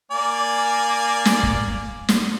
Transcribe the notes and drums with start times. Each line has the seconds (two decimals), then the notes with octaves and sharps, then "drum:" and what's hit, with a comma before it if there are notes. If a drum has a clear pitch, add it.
0.11 A#3 D5 G#5
1.25 drum: snare
1.43 drum: kick
2.09 drum: snare